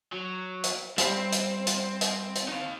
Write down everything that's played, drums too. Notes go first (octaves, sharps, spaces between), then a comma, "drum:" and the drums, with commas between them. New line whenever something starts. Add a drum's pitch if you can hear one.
F#3
drum: hi-hat
G3 C4 B5, drum: hi-hat
drum: hi-hat
drum: hi-hat
drum: hi-hat
drum: hi-hat
D#4 F5